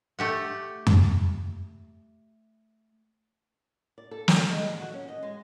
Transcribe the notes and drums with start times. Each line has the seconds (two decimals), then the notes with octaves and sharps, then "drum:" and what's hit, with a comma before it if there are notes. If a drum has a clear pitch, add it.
0.19 A3 G4 F#5
0.87 drum: tom F2
3.98 D5
4.11 A4
4.28 C#3, drum: snare
4.49 G#3
4.69 D3
4.80 F#4
4.94 C#4
5.08 D#5
5.23 G#3